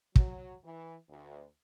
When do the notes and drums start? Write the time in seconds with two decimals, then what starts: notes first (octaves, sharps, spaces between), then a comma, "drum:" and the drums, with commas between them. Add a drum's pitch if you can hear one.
0.16 F#3, drum: kick
0.64 E3
1.09 D2